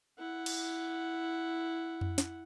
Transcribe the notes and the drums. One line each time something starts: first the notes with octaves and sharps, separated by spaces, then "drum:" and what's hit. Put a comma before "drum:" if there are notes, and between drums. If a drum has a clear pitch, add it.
E4 F#5
drum: cymbal
drum: tom F2
drum: snare